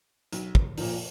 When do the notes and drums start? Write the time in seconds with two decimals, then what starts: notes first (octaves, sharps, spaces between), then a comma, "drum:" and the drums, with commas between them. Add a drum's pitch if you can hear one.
0.33 B1, drum: hi-hat
0.55 drum: kick
0.78 A#2 F3, drum: open hi-hat